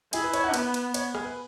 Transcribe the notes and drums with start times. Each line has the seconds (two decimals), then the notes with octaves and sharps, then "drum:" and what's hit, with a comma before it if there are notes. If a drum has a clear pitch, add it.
0.13 E4 G#4, drum: cymbal
0.24 B4
0.34 C#5, drum: cymbal
0.44 F#5
0.54 B3 B4, drum: cymbal
0.74 drum: cymbal
0.94 C#5, drum: cymbal
1.15 G#4, drum: rim click
1.24 B4